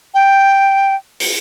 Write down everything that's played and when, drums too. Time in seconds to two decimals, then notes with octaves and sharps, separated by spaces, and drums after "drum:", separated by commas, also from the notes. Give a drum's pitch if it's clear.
0.14 G5
1.20 drum: open hi-hat